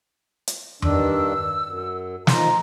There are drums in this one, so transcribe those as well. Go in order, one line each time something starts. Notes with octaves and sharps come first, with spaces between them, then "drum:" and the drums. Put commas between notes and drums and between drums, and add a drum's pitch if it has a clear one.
drum: hi-hat
G2 D#3 D4 E6, drum: tom E2
F#2
D#3 F3 A#5 C6, drum: snare